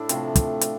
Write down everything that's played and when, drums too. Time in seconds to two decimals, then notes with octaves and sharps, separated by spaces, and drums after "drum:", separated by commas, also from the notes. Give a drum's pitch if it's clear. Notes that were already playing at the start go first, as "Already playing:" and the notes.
Already playing: A2 D4 E4
0.09 C3 F3 A3, drum: hi-hat
0.36 drum: kick, hi-hat
0.61 drum: hi-hat